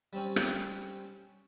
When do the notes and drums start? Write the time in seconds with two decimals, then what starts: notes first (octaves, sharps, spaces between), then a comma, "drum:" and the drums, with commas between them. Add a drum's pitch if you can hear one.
0.13 G3 C4 C#4
0.36 drum: rim click